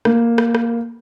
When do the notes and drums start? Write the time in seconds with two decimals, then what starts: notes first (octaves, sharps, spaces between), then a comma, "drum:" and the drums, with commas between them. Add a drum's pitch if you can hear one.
0.05 A#3, drum: rim click
0.38 drum: rim click
0.55 drum: rim click